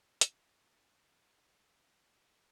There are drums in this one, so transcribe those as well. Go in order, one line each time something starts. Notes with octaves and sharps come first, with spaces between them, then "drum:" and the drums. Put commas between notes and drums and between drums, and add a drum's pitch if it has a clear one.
A#5 B5, drum: hi-hat